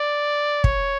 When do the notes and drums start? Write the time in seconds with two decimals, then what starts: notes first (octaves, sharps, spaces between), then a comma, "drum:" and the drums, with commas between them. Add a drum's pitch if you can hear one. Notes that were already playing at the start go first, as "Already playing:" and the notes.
Already playing: D5
0.64 C#5, drum: kick